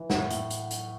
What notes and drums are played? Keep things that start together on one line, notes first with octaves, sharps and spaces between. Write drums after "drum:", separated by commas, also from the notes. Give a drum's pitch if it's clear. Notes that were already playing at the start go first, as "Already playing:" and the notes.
Already playing: E3
A2 F#5, drum: snare
A2, drum: hi-hat
drum: hi-hat
drum: hi-hat